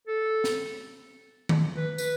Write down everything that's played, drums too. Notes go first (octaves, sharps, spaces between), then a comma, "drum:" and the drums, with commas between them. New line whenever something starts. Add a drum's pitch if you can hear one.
A4
drum: snare
drum: tom D#3
B4
B4, drum: tambourine